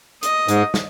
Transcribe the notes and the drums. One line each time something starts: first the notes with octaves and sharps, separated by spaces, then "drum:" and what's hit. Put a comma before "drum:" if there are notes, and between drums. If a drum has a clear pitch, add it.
D#5, drum: hi-hat
G#2, drum: hi-hat
drum: snare